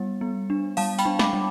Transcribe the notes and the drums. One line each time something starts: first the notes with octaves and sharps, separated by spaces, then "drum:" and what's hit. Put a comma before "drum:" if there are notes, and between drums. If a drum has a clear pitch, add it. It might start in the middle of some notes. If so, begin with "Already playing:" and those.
Already playing: G3 B3
B3
D4
G3 F5 A5, drum: open hi-hat
G5 B5, drum: tambourine
D4
B5 D6, drum: snare
G3